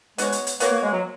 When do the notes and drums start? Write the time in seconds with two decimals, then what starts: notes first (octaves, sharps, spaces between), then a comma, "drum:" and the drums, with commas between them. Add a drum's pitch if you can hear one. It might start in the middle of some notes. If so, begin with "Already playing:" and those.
0.18 G#3 B3 F#4 C#5, drum: hi-hat
0.32 drum: hi-hat
0.47 drum: hi-hat
0.60 A#3 B3 F#4 C#5, drum: hi-hat
0.71 A#3
0.82 G#3
0.93 F#3